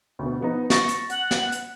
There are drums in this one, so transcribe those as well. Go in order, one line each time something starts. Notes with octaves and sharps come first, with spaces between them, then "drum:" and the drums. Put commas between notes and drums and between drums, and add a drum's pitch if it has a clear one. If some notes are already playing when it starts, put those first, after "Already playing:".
D2 B2
F3 B3 D#4
C#6 A6 A#6, drum: snare
drum: hi-hat
F#5, drum: hi-hat
drum: snare
drum: hi-hat